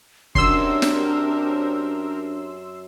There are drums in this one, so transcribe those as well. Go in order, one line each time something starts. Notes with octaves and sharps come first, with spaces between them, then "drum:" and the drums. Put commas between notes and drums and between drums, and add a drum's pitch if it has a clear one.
F#2 C4 D4 G4 A#4 C6 E6, drum: kick
drum: snare